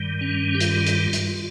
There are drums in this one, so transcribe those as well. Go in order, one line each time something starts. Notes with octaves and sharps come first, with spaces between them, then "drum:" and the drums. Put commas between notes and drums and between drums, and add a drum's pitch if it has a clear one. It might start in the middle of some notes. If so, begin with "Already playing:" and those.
Already playing: G2 D#3 G3
C#4
G4
F4, drum: hi-hat
drum: hi-hat
drum: hi-hat